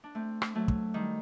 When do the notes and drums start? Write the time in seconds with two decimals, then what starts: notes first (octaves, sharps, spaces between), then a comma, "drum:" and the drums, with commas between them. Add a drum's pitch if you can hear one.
0.04 D4
0.15 A3 C4
0.42 drum: rim click
0.55 F#3 A3
0.68 drum: kick
0.94 D#3 G3